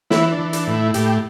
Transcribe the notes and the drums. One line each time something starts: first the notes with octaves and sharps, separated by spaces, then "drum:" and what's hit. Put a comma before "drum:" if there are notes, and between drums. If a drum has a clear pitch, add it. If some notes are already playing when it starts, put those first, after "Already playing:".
E3 E4, drum: snare
D4
E3
D4, drum: hi-hat
A2
E4
A2 G4, drum: hi-hat